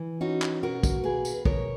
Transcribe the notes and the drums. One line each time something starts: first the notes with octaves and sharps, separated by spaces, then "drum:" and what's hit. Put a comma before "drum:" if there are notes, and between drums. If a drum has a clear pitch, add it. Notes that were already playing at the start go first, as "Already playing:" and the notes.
Already playing: E3
C#4 D#4 F#4
drum: clap
B2 F#4 A#4
drum: kick, tambourine
A#3 G#4 B4
drum: tambourine
B2 A#4 C#5, drum: kick